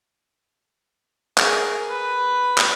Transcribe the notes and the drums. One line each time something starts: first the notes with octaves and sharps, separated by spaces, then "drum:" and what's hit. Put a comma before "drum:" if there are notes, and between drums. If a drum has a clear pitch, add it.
G#4 A#4, drum: clap
B4
drum: clap